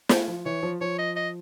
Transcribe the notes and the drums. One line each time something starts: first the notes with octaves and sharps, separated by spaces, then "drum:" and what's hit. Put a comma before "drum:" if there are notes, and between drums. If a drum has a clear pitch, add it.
A3, drum: snare
F3
E3 C#5
F3
F3 C#5
D#5
D#5